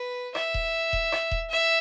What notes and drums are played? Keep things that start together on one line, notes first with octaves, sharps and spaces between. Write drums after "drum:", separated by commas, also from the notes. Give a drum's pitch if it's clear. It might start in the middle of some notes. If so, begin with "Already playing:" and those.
Already playing: B4
E5, drum: rim click
drum: kick D#1
drum: kick D#1
drum: rim click
drum: kick D#1
E5